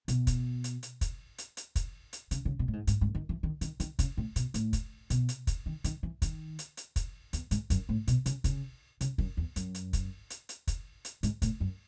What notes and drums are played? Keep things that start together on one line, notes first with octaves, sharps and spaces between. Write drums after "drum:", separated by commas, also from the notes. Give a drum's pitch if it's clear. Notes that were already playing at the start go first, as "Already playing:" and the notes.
B2, drum: hi-hat
drum: kick, hi-hat
drum: hi-hat
drum: hi-hat
drum: kick, hi-hat
drum: hi-hat
drum: hi-hat
drum: kick, hi-hat
drum: hi-hat
C#3, drum: hi-hat
C#3
B2
A2
G#2
G#2, drum: hi-hat
G#2
D#3
E3
D#3
D#3, drum: hi-hat
D#3, drum: hi-hat
C#3, drum: kick, hi-hat
A2
B2, drum: hi-hat
A2, drum: hi-hat
drum: kick, hi-hat
B2, drum: hi-hat
drum: hi-hat
drum: kick, hi-hat
D#3
D#3, drum: hi-hat
E3
D#3, drum: kick, hi-hat
drum: hi-hat
drum: hi-hat
drum: kick, hi-hat
E2, drum: hi-hat
G#2, drum: hi-hat
F#2, drum: kick, hi-hat
A2
B2, drum: hi-hat
C#3, drum: hi-hat
C#3, drum: kick, hi-hat
C#3, drum: hi-hat
F#2, drum: kick
E2
F#2, drum: hi-hat
drum: hi-hat
drum: kick, hi-hat
drum: hi-hat
drum: hi-hat
drum: kick, hi-hat
drum: hi-hat
G#2, drum: hi-hat
A2, drum: kick, hi-hat
F#2